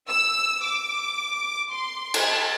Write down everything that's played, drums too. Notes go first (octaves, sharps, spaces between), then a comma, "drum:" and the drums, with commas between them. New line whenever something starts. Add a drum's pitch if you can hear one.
E6
D6
C6
drum: cymbal
A5